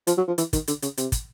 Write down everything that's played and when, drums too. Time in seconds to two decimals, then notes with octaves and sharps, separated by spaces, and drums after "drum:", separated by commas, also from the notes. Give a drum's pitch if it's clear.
0.07 F3, drum: hi-hat
0.17 F#3
0.27 F3
0.38 E3, drum: hi-hat
0.53 D#3, drum: kick, hi-hat
0.68 D3, drum: hi-hat
0.82 C#3, drum: hi-hat
0.97 C3, drum: hi-hat
1.12 drum: kick, hi-hat